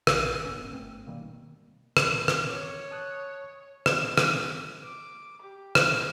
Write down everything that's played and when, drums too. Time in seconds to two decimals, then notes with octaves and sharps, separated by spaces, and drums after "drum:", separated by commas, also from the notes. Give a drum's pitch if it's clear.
0.07 A#1, drum: rim click
0.43 F#1 G#2 B3 C#4
0.73 G1 A3 C4
1.07 B2 D#3 G3 A#3
1.97 drum: rim click
2.10 E3
2.28 drum: rim click
2.49 C#5 D6
2.91 A5 D#6 F#6
3.86 drum: rim click
4.18 drum: rim click
4.83 D6
5.42 G4
5.75 drum: rim click